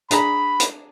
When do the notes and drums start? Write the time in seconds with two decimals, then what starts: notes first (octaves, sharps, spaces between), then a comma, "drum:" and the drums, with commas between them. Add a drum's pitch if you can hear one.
0.11 D4 G#4 A#5 B5, drum: hi-hat
0.60 drum: hi-hat